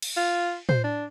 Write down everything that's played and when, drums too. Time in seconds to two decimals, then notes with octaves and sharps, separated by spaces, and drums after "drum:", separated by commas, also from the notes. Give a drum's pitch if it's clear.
0.02 drum: cymbal
0.17 F4
0.69 C5, drum: tom
0.84 D4